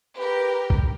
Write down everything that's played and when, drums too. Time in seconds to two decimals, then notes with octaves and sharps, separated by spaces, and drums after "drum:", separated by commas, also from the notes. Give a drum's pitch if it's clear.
0.17 G4 A#4 B4
0.70 drum: kick